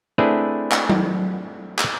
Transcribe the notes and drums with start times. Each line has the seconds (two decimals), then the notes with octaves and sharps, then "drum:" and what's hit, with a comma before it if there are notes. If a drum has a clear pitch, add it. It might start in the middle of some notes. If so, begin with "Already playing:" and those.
0.18 A3 C4 D4 E4 G#4 B4
0.72 drum: clap
0.89 drum: tom F#3
1.79 drum: clap